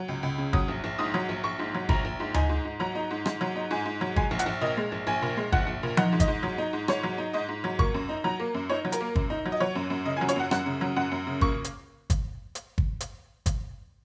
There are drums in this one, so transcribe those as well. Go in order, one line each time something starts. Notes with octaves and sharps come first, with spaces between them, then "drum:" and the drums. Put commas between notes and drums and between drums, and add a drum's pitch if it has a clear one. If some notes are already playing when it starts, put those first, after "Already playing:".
Already playing: F#3
C#2
C#2
C#3
F#3 D#6, drum: kick
A#1
A#1
G#2 D#6
F#3
A#1
A#1 C#6
G#2
F#3
A#1 A#5, drum: kick
A#1
G#2
D#4 G#5, drum: tom D2
G#2
G#2
F#3 A#5
D#4
G#2
G#2, drum: rim click
F#3
D#4
G#2 G#5
G#2
F#3
G#3 G#5, drum: kick
A#1
F#5, drum: hi-hat
A#1
A#2 D#5
G#3
A#1
A#1 G#5
A#2
G#3
A#1 F#5, drum: kick
A#1
A#2
D#4 F#5, drum: tom F3
G#2
D#5, drum: kick, hi-hat
G#2
F#3
D#4
G#2
G#2 C#5, drum: rim click
F#3
D#4
G#2 D#5
G#2
F#3
A#3 C#6, drum: kick
F#2
D#4
F#3 A#5
A#3
F#2
D#4 C#5
F#3
A#4, drum: hi-hat
A#3
F#2, drum: kick
D#4
F#3
D#5
F#3 C#5
F#2
F#2
C#3 D#5
G#5
F#3
C#5, drum: hi-hat
F#2 F#5
F#2 F#5, drum: rim click
C#3
F#3
F#2 F#5
F#2
C#3
A#3 C#6, drum: kick
drum: hi-hat
drum: kick, hi-hat
drum: hi-hat
drum: kick
drum: hi-hat
drum: kick, hi-hat